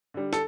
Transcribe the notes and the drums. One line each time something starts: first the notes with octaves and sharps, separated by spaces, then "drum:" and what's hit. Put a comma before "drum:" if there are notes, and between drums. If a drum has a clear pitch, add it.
D3 G3
A4, drum: snare